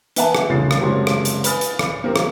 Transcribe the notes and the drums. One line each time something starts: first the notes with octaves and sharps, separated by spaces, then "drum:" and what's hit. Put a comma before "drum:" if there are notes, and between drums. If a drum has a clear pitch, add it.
A#3 B3 E5 F#5 G#5 A5, drum: hi-hat
drum: rim click
F1 C2 A#2 C#3 A6 C7
drum: rim click
F#1 C3 G#3 F#4 C#5 C6
drum: rim click
drum: hi-hat
B4 G#5 B5 D#6 F6 A6, drum: hi-hat
drum: hi-hat
drum: rim click
A#3 C4 G4 A#4
drum: rim click